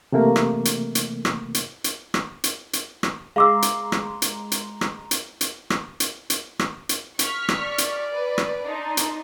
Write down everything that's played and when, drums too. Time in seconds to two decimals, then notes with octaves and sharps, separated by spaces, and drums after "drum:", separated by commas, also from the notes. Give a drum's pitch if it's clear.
0.12 C3 E3 A3 A#3
0.36 drum: rim click
0.65 drum: hi-hat
0.95 drum: hi-hat
1.25 drum: rim click
1.54 drum: hi-hat
1.84 drum: hi-hat
2.14 drum: rim click
2.44 drum: hi-hat
2.73 drum: hi-hat
3.03 drum: rim click
3.36 G#3 F5 A#5 C6 D6 E6
3.62 drum: hi-hat
3.92 drum: rim click
4.22 drum: hi-hat
4.52 drum: hi-hat
4.81 drum: rim click
5.11 drum: hi-hat
5.41 drum: hi-hat
5.70 drum: rim click
6.00 drum: hi-hat
6.30 drum: hi-hat
6.59 drum: rim click
6.89 drum: hi-hat
7.19 C#6 F6 B6, drum: hi-hat
7.49 drum: rim click
7.61 D5
7.78 drum: hi-hat
8.12 B4
8.38 drum: rim click
8.63 D4 D#4 C6
8.97 drum: hi-hat